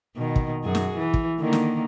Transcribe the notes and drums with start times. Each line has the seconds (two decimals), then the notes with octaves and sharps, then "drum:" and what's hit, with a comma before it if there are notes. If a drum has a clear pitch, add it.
0.16 B2 D#3
0.36 drum: kick
0.64 F#2 F#4 G#4
0.75 drum: snare
0.97 E3
1.14 drum: kick
1.40 D3 D#3 A#3
1.53 drum: snare